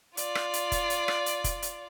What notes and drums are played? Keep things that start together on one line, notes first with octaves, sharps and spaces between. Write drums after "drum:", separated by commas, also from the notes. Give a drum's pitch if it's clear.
F4 D5, drum: hi-hat
drum: rim click
drum: hi-hat
drum: kick, hi-hat
drum: hi-hat
drum: rim click
drum: hi-hat
drum: kick, hi-hat
drum: hi-hat